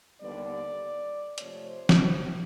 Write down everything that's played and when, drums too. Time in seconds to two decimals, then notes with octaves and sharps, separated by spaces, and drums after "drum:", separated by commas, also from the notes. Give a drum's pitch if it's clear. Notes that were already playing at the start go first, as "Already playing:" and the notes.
0.21 D#2 D3 G3 B3 D5
1.38 C3 F3 A3 C#5, drum: hi-hat
1.66 C5
1.89 drum: snare